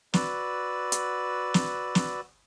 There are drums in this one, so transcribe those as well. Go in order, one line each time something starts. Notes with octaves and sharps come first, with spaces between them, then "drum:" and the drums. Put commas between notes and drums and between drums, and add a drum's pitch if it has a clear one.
F#4 B4 D5 E6, drum: snare
drum: hi-hat
drum: snare
drum: snare